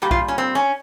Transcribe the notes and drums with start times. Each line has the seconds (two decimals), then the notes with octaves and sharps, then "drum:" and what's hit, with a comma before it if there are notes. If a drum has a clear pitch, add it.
0.02 A#2 G3 G4
0.11 F4, drum: kick A#1
0.28 C#4
0.38 C4
0.55 C#4